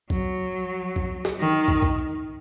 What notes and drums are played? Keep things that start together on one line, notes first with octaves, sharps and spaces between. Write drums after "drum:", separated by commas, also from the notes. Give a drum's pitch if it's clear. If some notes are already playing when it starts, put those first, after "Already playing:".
F#3, drum: kick
drum: kick
drum: snare
D#3
drum: kick
drum: kick